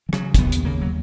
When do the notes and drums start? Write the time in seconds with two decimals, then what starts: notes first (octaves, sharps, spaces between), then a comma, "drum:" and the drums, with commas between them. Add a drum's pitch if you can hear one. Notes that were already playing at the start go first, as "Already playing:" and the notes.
0.09 E3
0.13 C#3 F#3, drum: rim click
0.34 C#4, drum: kick, hi-hat
0.39 D#2 B3
0.52 drum: hi-hat
0.65 C#3 A#3
0.81 F#3